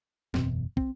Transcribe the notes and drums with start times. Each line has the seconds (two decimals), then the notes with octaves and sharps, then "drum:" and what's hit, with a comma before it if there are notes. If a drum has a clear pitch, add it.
0.34 F#1 E2 B2 C4, drum: snare
0.77 C4, drum: kick